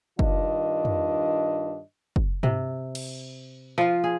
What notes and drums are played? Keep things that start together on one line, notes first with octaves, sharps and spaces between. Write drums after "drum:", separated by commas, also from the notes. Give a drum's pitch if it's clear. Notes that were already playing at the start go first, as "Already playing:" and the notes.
G2 D#3 D4 F4 D#5, drum: kick
drum: tom
drum: kick
C3, drum: tom
drum: cymbal
F3 F4
G#4